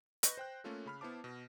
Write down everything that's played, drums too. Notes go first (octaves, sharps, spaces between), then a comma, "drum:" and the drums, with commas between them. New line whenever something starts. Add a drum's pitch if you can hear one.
B4 D#5 C#6 F#6 G6 A#6, drum: hi-hat
C5 G5 F#6
A3 A#3 C#4 F4 A4
C#3 B5 F6
B3 E4 C5 A5 D6
B2